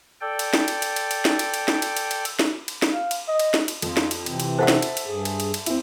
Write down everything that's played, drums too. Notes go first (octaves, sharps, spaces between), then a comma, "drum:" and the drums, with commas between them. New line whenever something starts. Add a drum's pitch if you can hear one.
A4 D5 G5
drum: cymbal
drum: snare
drum: cymbal
drum: cymbal
drum: cymbal
drum: cymbal
drum: snare
drum: cymbal
drum: cymbal
drum: snare
drum: cymbal
drum: cymbal
drum: cymbal
drum: cymbal
drum: snare
drum: cymbal
drum: snare
F5
drum: cymbal
D#5
drum: cymbal
drum: snare
drum: cymbal
F2 F4, drum: cymbal
drum: snare
drum: cymbal
C3 E3 C4, drum: cymbal
drum: cymbal
A4 C5 E5 F#5 A5
drum: snare
drum: cymbal
drum: cymbal
G2 G#4
drum: cymbal
drum: cymbal
drum: cymbal
E2 C4 E4, drum: cymbal